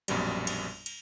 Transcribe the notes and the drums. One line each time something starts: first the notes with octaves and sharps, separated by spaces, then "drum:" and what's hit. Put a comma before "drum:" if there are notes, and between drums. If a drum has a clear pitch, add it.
A#1 F#2 B2 G3, drum: cymbal
drum: cymbal
drum: cymbal